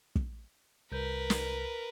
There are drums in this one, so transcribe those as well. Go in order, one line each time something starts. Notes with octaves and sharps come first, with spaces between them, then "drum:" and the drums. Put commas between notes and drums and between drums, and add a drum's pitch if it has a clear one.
drum: kick
C2 A#4 B4 G6
drum: snare